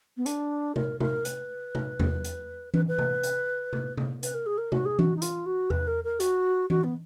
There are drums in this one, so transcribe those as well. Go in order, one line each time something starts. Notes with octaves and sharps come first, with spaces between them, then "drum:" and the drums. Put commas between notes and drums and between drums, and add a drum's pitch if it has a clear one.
B3
D4, drum: hi-hat
A#4, drum: tom C3
A#4, drum: tom C3
B4, drum: hi-hat
drum: tom C3
drum: tom E2
drum: hi-hat
B4, drum: tom E3
B4
drum: tom C3
drum: hi-hat
drum: tom C3
drum: tom C3
B4, drum: hi-hat
A#4
G#4
A#4
F#4, drum: tom C3
G#4
F#4, drum: tom E3
D#4
F4, drum: hi-hat
F#4
B4, drum: tom E2
A#4
A#4
F#4, drum: hi-hat
F#4, drum: tom E3
B3